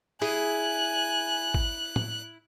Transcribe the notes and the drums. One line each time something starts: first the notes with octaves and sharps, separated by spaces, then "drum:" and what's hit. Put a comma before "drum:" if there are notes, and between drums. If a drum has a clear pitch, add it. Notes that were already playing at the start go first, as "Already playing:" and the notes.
E4 G#4 G#5 F#6, drum: open hi-hat
drum: kick G#1
drum: tom